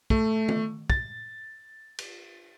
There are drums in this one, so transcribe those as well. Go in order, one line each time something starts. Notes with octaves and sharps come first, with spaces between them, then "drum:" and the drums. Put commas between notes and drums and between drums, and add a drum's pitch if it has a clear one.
A3, drum: kick
drum: tom
A6, drum: kick
drum: cymbal